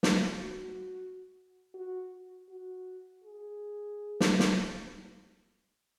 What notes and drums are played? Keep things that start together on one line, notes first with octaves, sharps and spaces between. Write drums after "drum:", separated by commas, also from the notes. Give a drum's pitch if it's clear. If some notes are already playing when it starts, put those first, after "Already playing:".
drum: snare
F#4
F#4
F#4
G#4
drum: snare
drum: snare